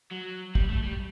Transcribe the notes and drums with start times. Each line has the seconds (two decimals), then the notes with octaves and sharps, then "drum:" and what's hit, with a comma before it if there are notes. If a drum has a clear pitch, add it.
0.12 F#3
0.55 G3, drum: kick
0.69 A3
0.84 G3